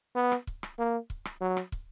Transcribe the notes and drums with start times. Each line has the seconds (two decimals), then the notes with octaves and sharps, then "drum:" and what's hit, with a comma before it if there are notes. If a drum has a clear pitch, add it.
0.15 B3
0.32 drum: rim click
0.47 drum: kick
0.63 drum: rim click
0.79 A#3
1.10 drum: kick
1.25 drum: rim click
1.41 F#3
1.57 drum: rim click
1.72 drum: kick